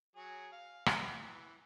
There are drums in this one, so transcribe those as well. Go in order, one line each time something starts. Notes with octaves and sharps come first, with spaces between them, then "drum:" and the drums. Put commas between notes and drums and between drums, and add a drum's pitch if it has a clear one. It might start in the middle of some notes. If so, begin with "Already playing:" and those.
F#3 G#4
F5
B3 F4 G4, drum: rim click
E3